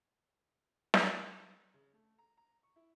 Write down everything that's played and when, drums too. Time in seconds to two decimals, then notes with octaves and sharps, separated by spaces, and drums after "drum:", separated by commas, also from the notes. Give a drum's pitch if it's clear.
0.94 drum: snare
1.74 C#3
1.93 A3
2.18 A#5
2.37 A#5
2.63 C#6
2.76 E4